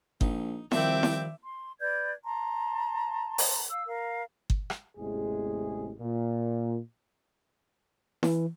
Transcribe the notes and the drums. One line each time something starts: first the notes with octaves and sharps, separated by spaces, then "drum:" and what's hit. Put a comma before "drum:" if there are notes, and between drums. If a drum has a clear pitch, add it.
A#1 D#4, drum: kick G1
C2 D#3 F3 G3 C4 E5 G5 D6, drum: snare E4
drum: snare E4
C6
B4 D5 G6 G#6
A5 A#5 C6
drum: open hi-hat
F5 E6
A#4 F5
drum: kick G1
drum: rim click
A1 E2 C3 G#3 G#4
A#2
E3, drum: snare E4